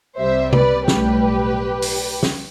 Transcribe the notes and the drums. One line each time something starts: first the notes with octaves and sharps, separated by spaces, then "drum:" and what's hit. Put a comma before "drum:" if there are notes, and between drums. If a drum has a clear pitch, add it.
C2 C3 G3 C5 E5
B4 D5, drum: tom C3
B1 A2 G3 G4 B4, drum: snare
drum: open hi-hat
drum: snare